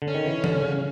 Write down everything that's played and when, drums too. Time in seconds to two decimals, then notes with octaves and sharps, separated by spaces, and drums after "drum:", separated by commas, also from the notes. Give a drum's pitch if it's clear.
0.02 D3
0.08 C#4
0.14 D#3
0.26 E3
0.44 D3, drum: tom E3
0.62 C#3